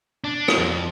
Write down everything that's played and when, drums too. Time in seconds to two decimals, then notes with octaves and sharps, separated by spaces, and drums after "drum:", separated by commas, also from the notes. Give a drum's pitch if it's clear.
0.24 D4
0.48 drum: rim click
0.58 F2